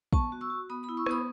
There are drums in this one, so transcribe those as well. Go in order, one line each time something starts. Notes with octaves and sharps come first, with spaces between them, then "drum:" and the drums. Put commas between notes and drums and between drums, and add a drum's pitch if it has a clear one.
B3 A5 C#6, drum: kick
F#4
C#6 E6
F#4
B3 B5 D#6
B5 D#6
E4
C#6 E6
B3 B5 D#6, drum: rim click